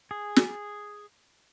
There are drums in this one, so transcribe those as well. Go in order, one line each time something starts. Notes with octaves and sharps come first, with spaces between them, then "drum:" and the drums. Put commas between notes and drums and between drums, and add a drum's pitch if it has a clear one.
G#4
drum: snare